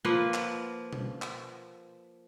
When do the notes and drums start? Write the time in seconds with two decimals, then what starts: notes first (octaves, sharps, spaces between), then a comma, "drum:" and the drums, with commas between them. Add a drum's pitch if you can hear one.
0.05 F3 A#3 B4
0.34 drum: clap
0.93 drum: tom B2
1.22 drum: clap